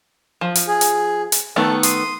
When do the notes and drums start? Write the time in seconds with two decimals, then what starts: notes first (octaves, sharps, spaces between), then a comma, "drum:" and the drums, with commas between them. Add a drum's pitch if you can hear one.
0.41 F3
0.55 drum: hi-hat
0.67 G#4
0.81 drum: hi-hat
1.32 drum: hi-hat
1.56 D#3 A3 B3 A4
1.83 C6 D#6, drum: hi-hat